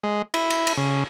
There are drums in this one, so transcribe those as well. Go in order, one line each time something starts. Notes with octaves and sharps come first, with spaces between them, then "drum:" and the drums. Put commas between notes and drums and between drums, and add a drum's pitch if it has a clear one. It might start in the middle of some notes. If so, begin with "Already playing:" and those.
G#3
E4, drum: cymbal
drum: cymbal
drum: cymbal
C#3